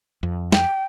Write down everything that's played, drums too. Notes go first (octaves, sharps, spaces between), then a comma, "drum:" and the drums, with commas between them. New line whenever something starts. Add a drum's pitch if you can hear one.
F2
G5, drum: snare